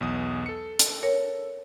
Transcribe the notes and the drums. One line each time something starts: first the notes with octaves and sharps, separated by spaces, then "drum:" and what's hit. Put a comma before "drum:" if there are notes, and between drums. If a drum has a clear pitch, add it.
B1 E2 D#6
A4 C#7
drum: hi-hat
A#4 C#5